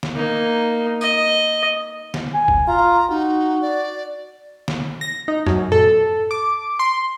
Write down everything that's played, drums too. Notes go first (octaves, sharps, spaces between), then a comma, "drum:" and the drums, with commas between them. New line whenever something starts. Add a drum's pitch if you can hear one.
drum: snare
A#3 D#4
D#5, drum: tambourine
drum: snare
G#5
drum: kick
F4 A#5
D#4 F#4
D5
drum: snare
A#6
D#4
F#2, drum: rim click
A4, drum: tom A2
D6
C6